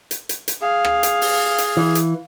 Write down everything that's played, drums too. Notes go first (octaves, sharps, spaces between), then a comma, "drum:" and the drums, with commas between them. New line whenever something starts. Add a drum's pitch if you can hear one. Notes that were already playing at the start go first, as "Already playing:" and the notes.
drum: hi-hat
drum: hi-hat
drum: hi-hat
G#4 F5
drum: rim click
drum: hi-hat
drum: open hi-hat
drum: hi-hat
E3
drum: hi-hat